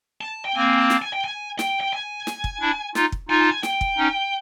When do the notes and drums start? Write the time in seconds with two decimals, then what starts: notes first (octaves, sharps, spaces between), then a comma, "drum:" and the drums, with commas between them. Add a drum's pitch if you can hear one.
0.21 A5
0.45 G5
0.55 A#3 C4 G#5
0.78 A5
0.90 drum: snare
1.02 G#5
1.13 G5
1.24 G#5
1.59 G5, drum: snare
1.81 G5
1.93 G#5
2.27 drum: snare
2.44 drum: kick
2.61 D4 E4
2.95 D#4 F4, drum: snare
3.12 drum: kick
3.29 D#4 F4 G#5
3.41 A5
3.51 G#5
3.63 G5, drum: snare
3.81 drum: kick
3.98 C#4 D#4